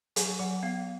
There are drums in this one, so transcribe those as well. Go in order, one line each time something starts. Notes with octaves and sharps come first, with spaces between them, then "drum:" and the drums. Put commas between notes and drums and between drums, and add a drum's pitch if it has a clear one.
F#3 G#5, drum: hi-hat
F#3 F#5
B3 F5